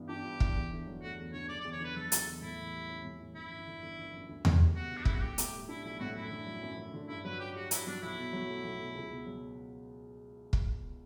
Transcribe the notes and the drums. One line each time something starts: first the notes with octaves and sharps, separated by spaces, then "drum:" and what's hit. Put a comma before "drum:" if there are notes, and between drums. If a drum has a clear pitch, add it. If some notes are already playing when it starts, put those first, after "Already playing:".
Already playing: G2 E3 B3
D4 G4
G2
E3, drum: kick
E2
D3
F#3
A3 F#4
E2
D3 C#5
F#1 D5
D5
E2
C#5
D3 B4
F#1 A4
F#1, drum: hi-hat
E2
A2 E4
E3
G3
C#4
A2
E3
G1 E4
F#2
D3
G1
G1
F#2
D2
C#3, drum: tom E2
G3
B3 F#4
D2
D4
C#3 E4, drum: kick
F#4
B1 G4
A2, drum: hi-hat
G3
D4 E4
B1 E4
A2 F#4
F#2 E4
D3
F#3
F#2
F#2
D3
G2 E4
F#3 B4
C#4 G4
F#4 G4
G2 E4, drum: hi-hat
F#3 D4
B1 E4
B2
F#3
A3
B1
B2
C#2
B2
F#3
drum: kick